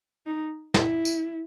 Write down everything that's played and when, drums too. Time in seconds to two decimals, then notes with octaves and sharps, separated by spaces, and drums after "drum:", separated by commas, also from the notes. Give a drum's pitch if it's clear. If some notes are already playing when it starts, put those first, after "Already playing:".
0.27 D#4
0.74 E4, drum: snare
1.05 drum: tambourine